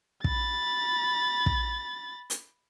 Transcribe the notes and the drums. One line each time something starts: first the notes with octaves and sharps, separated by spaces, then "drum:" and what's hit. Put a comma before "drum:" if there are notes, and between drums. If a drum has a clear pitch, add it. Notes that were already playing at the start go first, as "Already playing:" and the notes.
B5 A6, drum: kick
drum: kick
drum: hi-hat